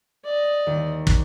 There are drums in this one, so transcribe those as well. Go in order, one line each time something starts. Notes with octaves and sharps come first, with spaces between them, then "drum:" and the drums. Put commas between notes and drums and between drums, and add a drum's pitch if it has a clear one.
D5 D#5
D#2
drum: kick